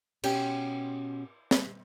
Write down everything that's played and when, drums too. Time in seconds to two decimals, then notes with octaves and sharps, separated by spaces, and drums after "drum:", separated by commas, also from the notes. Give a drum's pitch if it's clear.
0.23 B2 C#4 G4 G5, drum: cymbal
1.51 drum: snare